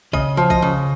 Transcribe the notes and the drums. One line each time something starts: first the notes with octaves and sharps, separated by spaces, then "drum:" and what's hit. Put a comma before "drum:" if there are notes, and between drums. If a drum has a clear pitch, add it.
C#3 D#5, drum: kick
F3
D#5, drum: kick
C#3